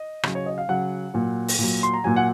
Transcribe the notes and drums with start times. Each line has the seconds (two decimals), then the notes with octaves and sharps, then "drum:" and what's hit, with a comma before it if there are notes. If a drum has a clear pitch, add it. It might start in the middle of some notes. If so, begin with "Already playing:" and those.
Already playing: D#5
0.23 C#3 F#3, drum: rim click
0.35 C#5
0.46 D#5
0.58 F5
0.68 C#3 F#3 F#5
1.14 A#2 F#3
1.48 drum: open hi-hat
1.59 A#2 F#3
1.83 C6
1.94 A#5
2.04 A#2 F#3 G#5
2.16 F#5